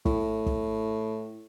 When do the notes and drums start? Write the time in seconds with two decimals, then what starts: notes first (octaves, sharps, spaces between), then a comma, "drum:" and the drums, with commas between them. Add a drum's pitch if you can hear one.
0.05 A2, drum: kick
0.46 drum: kick